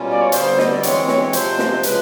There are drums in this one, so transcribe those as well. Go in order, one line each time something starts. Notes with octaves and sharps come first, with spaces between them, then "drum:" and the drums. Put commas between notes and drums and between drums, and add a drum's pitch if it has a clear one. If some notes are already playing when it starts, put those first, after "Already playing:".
Already playing: B2 G3 A#3 C#4 F4
D5
C#5
D3 G3 B3 C5, drum: hi-hat
D#5, drum: snare
D5
E3 G#3 C4 C#5, drum: hi-hat
C#5, drum: snare
C3 F3 G#3 C5, drum: hi-hat
drum: snare
C#3 F3 G#3 B4, drum: hi-hat